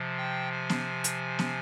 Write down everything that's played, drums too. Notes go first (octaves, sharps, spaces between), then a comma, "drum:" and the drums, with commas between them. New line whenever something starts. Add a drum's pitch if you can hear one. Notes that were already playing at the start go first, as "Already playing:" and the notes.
Already playing: C3 F3
G5
G#5
drum: snare B3
drum: hi-hat
drum: snare B3